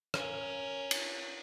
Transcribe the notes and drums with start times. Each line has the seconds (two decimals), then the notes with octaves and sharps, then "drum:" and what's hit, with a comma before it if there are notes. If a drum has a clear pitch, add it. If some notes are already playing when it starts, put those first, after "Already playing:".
0.14 C#4 A#4, drum: rim click
0.91 drum: cymbal